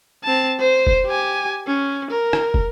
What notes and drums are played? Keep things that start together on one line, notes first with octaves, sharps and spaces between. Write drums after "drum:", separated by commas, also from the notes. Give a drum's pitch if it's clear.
C4 A5
C5
drum: kick
G4 G#5
C#4
A#4
drum: rim click
drum: kick